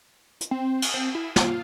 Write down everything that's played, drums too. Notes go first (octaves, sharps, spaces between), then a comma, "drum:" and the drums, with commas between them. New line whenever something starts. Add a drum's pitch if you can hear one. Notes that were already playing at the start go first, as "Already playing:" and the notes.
drum: hi-hat
C4
drum: cymbal
C4
E4
F4, drum: snare